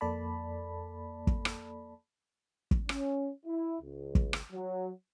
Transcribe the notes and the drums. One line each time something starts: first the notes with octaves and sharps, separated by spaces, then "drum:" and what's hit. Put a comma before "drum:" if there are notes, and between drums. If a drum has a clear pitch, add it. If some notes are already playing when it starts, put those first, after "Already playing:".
F2 A#3 A4 D5 A5 B5
drum: kick
drum: rim click
drum: kick
C#4, drum: rim click
E4
C#2
drum: kick
drum: rim click
F#3